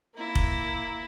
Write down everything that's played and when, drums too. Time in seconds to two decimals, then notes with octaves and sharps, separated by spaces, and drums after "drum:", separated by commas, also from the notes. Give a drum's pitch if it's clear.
0.16 A#3 E4
0.35 drum: kick F1